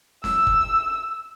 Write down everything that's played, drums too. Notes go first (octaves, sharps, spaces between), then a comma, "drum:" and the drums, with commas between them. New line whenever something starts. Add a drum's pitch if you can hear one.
E6, drum: snare
drum: kick